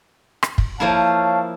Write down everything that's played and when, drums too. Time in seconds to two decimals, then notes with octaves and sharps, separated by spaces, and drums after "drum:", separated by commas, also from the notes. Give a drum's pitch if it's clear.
0.43 drum: rim click
0.58 drum: kick
0.80 F3 A#3 E4 C#5 F5 A5